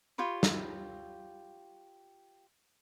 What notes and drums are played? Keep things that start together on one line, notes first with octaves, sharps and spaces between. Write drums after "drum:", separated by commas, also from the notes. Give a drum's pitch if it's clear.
F4 G4 C#5 B5
drum: snare